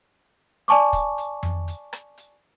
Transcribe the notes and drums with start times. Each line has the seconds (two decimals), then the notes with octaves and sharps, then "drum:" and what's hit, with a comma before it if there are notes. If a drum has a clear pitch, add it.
0.68 D5 G#5 A5 C#6 D6, drum: hi-hat
0.93 drum: kick, hi-hat
1.18 drum: hi-hat
1.43 drum: tom F2
1.68 drum: hi-hat
1.93 drum: rim click
2.18 drum: hi-hat